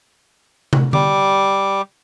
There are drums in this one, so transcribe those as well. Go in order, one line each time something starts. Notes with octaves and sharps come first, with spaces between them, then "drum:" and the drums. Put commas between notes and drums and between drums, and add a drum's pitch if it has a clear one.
drum: tom
G3 D6, drum: tom D3